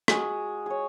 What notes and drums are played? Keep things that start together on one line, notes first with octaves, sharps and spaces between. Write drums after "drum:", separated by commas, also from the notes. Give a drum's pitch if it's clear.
G#3 F#4, drum: rim click
G#4 C#5